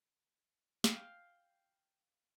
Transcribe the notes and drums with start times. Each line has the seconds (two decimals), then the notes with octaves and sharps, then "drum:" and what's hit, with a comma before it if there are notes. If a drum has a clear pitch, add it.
0.84 F5 G5, drum: snare